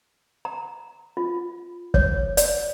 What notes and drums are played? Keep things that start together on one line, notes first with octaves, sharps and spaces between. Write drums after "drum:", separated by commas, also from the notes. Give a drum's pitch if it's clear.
A#5
F4
C#5, drum: kick
D5, drum: hi-hat